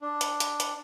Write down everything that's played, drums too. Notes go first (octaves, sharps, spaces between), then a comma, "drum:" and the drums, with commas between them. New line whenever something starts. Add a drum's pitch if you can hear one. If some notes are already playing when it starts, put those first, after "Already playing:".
D4
drum: hi-hat
drum: hi-hat
drum: hi-hat